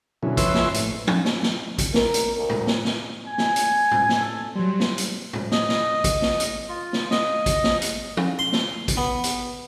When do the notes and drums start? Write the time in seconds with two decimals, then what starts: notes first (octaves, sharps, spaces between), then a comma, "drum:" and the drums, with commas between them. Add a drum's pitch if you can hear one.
0.23 B2 D3 F#3 C#4 E4
0.37 F2 B4 C#5 E5 C6 E6, drum: kick A1, hi-hat
0.54 drum: snare
0.74 A2, drum: hi-hat
1.07 drum: tom F3
1.25 drum: snare
1.43 drum: snare
1.78 drum: kick A1, hi-hat
1.94 A#4, drum: snare
2.14 drum: hi-hat
2.38 D2
2.49 drum: tom A2
2.67 drum: snare
2.85 drum: snare
3.27 G#5
3.38 drum: snare
3.56 drum: hi-hat
3.91 drum: tom A2
4.09 drum: snare
4.20 A4
4.55 F#3 G3 C5
4.80 drum: snare
4.98 drum: hi-hat
5.33 drum: tom A2
5.52 D#5, drum: snare
5.69 drum: snare
6.04 drum: kick A1, hi-hat
6.22 drum: snare
6.40 drum: hi-hat
6.69 F4
6.93 drum: snare
7.11 D#5, drum: snare
7.46 drum: kick A1, hi-hat
7.64 drum: snare
7.82 drum: hi-hat
8.17 drum: tom F3
8.39 C6
8.53 drum: snare
8.88 drum: kick A1, hi-hat
8.97 B3
9.24 drum: hi-hat